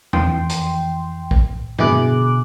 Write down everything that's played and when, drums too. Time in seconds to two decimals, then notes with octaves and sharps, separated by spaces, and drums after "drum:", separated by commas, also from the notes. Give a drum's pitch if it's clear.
0.13 F2 E3 G5 C6, drum: tom E2
0.50 drum: hi-hat
1.31 drum: kick A#1
1.79 B2 D3 E4 G#4 D6 F#6, drum: tom G2